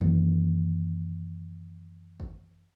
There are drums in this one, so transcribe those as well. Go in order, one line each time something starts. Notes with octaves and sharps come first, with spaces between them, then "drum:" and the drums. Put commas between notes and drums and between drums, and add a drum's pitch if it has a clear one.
F#2 D#3 E3 A#3, drum: kick G#1
drum: kick G#1